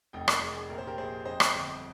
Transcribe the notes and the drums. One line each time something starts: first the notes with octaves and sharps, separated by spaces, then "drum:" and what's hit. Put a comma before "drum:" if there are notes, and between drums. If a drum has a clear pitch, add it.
F1 D#5 G5
A#4 D5, drum: rim click
F1 G#4
G#4
A#1 A#4
C5
G4 A#4
A#1 G#4 C5
F2 C5 D#5
drum: rim click
G1